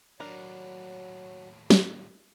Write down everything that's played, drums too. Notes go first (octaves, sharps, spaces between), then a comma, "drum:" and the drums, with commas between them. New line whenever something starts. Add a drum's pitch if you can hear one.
D#2 A2 F#3 D4 A#4 C#5
drum: snare